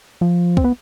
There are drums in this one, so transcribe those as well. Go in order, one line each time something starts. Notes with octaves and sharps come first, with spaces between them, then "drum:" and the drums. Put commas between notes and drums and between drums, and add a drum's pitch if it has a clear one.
F3
C4, drum: kick C#2
B3